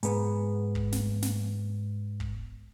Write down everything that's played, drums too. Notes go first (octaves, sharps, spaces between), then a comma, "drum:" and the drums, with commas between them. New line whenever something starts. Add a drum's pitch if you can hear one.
G#2 B3, drum: hi-hat
drum: kick
drum: snare
drum: snare
drum: kick